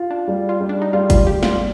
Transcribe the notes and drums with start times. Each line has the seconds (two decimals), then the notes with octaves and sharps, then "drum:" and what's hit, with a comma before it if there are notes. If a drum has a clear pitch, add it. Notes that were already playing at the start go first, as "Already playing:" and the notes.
Already playing: F4
0.11 D4
0.28 G3
0.49 F4
0.60 G3
0.69 D4
0.82 D#4
0.93 G3 F4
1.10 F4, drum: kick F#1, hi-hat
1.27 G3 G4
1.43 F4, drum: snare